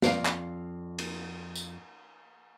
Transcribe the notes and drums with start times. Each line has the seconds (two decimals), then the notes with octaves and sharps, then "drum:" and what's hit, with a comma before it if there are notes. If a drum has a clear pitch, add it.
0.02 F2 F4 D5 F5, drum: snare
0.25 drum: clap
0.98 drum: cymbal
1.56 drum: tambourine